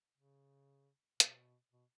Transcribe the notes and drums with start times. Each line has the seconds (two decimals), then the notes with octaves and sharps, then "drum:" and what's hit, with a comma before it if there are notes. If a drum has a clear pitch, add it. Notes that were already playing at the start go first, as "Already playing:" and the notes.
0.18 C#3
1.20 B2, drum: hi-hat
1.72 B2